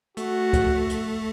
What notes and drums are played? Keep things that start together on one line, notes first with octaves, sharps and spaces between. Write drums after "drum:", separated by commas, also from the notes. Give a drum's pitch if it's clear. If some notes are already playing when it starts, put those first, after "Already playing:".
A3 F#4, drum: hi-hat
drum: kick C#2, hi-hat
drum: hi-hat